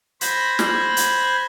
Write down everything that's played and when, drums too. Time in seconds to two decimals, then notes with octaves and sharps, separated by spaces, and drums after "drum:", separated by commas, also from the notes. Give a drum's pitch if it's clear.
0.21 C5 B5 F#6 G#6 A#6, drum: hi-hat
0.59 drum: snare
0.97 drum: hi-hat